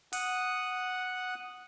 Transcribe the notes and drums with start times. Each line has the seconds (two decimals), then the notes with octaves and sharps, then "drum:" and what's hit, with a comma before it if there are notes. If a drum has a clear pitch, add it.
0.13 F#5 D#6 F#6, drum: open hi-hat